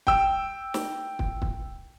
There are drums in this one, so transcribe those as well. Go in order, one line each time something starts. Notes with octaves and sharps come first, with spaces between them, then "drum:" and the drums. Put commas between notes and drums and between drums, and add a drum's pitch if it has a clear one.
G5 E6, drum: kick
drum: snare
drum: kick
drum: kick